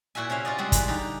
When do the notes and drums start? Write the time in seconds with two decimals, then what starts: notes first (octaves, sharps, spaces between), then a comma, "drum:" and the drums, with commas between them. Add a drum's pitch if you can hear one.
0.15 A#2 E4 F#4 E5 G#5
0.30 C3 C#4 E5 F5
0.45 F4 F#4 D5 D#5
0.58 G3 G#3 C4 F#4 G#4
0.72 E2 B5, drum: kick, hi-hat
0.88 D3 D#4 G4